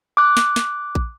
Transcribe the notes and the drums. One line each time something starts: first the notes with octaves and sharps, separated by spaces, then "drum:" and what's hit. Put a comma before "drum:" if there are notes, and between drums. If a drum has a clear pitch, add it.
D6 F#6
drum: snare
drum: snare
drum: kick